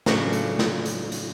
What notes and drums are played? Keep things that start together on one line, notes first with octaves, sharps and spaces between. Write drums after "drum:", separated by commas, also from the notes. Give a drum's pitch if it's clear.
A2 C#3 F#3 D4 F#4 E5, drum: snare
drum: hi-hat
drum: snare
drum: hi-hat
drum: hi-hat